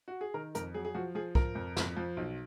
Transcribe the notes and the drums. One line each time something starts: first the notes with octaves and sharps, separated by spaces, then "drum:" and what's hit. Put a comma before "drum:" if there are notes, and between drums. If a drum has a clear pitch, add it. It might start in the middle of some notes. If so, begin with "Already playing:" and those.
F#4
G#4
D#3 A#4
F2 A#4, drum: hi-hat
F#3 G#4
G#4
F3 F#4
F3 G#4
F3 A#4, drum: kick
F2
F2, drum: snare
F3
B1